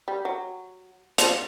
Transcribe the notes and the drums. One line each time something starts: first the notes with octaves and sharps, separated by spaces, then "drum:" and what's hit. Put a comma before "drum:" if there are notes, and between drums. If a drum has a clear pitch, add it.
G3
F#3
F3, drum: hi-hat